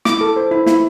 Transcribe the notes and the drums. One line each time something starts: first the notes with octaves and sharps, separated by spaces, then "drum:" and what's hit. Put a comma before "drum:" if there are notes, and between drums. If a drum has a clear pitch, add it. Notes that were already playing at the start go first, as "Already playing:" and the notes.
E4 D6, drum: snare
A4
C5
E4
E4, drum: snare